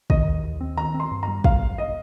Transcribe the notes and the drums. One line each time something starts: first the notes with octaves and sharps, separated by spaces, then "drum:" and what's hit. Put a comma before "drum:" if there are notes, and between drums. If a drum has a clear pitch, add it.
D#3 D#5, drum: kick
D#2
D#2
C4
D#3 A#5
C4
C6
G2
A#5
G3
F2 F5, drum: kick
G1
D#5